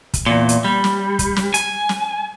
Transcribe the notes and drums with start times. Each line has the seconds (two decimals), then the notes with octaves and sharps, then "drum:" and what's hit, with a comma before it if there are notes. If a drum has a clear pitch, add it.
0.14 drum: kick, hi-hat
0.26 E2 A#2
0.49 drum: hi-hat
0.65 G3
0.84 drum: snare
1.19 drum: kick, hi-hat
1.36 drum: snare
1.54 G#5, drum: hi-hat
1.89 drum: snare